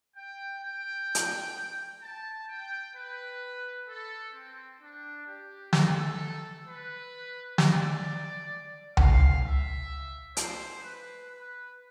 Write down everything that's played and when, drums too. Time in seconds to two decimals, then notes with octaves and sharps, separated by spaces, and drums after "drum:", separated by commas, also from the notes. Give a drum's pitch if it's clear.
0.16 G5
0.63 G5
1.15 drum: hi-hat
2.02 A5
2.48 G5
2.94 B4
3.87 A4
4.33 C4
4.80 D4
5.27 G4
5.73 A4, drum: snare
6.65 B4
7.58 D5, drum: snare
8.97 F5, drum: tom C#2
9.44 E5
10.37 C5, drum: hi-hat
10.82 B4
11.29 B4